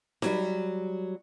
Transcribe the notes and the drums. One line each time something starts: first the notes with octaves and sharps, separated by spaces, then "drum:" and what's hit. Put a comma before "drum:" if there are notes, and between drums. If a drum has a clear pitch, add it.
F#3 G3, drum: snare D#4